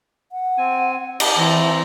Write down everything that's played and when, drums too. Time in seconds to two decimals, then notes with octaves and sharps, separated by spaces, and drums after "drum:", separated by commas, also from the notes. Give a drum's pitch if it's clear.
0.32 F#5
0.58 C4 G#5
1.20 D#4 G4, drum: cymbal
1.37 E3 C4 A#5